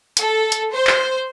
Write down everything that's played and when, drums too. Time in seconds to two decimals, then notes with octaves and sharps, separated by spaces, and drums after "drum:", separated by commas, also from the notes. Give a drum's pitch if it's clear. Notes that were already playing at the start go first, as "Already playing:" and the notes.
0.17 A4, drum: hi-hat
0.52 drum: hi-hat
0.71 C5
0.87 drum: clap